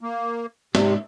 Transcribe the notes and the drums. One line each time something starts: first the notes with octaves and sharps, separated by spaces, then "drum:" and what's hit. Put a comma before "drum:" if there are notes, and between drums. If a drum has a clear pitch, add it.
A#3
G#2 C3 D5 E5, drum: snare